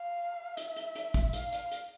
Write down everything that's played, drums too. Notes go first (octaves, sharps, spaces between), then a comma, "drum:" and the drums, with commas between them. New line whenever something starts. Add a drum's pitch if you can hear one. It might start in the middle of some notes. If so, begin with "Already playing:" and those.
Already playing: F5
E5, drum: hi-hat
drum: hi-hat
drum: hi-hat
drum: kick, hi-hat
F5, drum: hi-hat
drum: hi-hat
drum: hi-hat